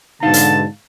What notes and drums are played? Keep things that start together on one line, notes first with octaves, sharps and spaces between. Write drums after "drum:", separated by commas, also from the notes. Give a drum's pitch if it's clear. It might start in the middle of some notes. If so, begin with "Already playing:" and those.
G#2 B2 D3 D#4 F5 A5
drum: hi-hat